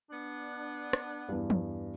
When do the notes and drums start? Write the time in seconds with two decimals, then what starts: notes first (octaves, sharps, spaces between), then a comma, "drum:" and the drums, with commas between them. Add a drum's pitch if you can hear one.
0.09 B3 D4
0.93 drum: rim click
1.29 E2 G2
1.50 drum: tom